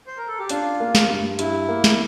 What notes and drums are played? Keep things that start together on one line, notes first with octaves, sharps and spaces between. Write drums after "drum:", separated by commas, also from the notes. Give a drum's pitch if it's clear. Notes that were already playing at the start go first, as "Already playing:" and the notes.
C5
A#4
A4
G4
D4 F4, drum: hi-hat
A#3
drum: snare
G2
G2 E4, drum: hi-hat
A#3
drum: snare